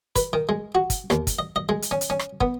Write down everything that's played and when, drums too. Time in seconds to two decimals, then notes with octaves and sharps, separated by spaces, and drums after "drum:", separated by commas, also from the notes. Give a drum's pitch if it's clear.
0.16 B4, drum: kick, hi-hat
0.33 D#3
0.49 G#3
0.75 F#4
0.90 drum: kick, hi-hat
1.10 D#2, drum: rim click
1.27 drum: kick, hi-hat
1.39 D#5
1.56 D#5
1.69 G#3
1.82 drum: hi-hat
1.91 C#4
2.01 drum: hi-hat
2.10 C#4
2.19 drum: rim click
2.41 B3, drum: kick